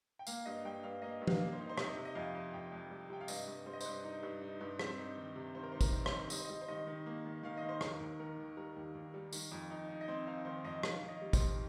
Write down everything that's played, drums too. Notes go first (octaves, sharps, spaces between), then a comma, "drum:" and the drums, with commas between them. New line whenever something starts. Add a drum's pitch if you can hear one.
G5
A#3 F5, drum: tambourine
G2 D#5
G2 G5
G2 F5
A#3 D#5
G2
F5, drum: tom F3
A#3
C5
D#4
C5
C3 D#5, drum: rim click
C3
D#5
F2 F5
F2
F2 G5
F2
G3
C3 G5
F5
G2 D#5, drum: tambourine
G2
G3 C5
D#5
G2 C5, drum: tambourine
D#4
G2
D#4
G2
C4 C5, drum: rim click
D#4
D#3
C3
D#3 C5
A#4
D#3 C5
A#4, drum: kick, tambourine
C4
C5, drum: rim click
D#3
G3 D#5, drum: tambourine
C5
G3 D#5
C5
D#3 D#5
D#3
A#3
D#3
D#3 F5
D#5
D#3
C5
D#2 A#4, drum: rim click
D#2
D#3 A#4
D#3
G3 A#4
D#2
D#2
G3
D#3, drum: tambourine
F2
D#4
D#4
D#5
C4 C5
D#4 F5
D#3 C5
F2 D#5
D#3 F5, drum: rim click
D#3
D#5
G3
C5, drum: kick, tambourine
D#3